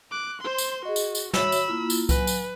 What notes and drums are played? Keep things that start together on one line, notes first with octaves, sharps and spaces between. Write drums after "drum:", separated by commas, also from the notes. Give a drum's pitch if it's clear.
D6 F#6
C5 C6
drum: tambourine
F#4 G#4 D#5
drum: tambourine
drum: tambourine
F#4 C#5 E5 B5 E6, drum: snare
drum: tambourine
A#3 E4 F4
drum: tambourine
F#3 B4 G#5, drum: kick C2, tambourine
drum: tambourine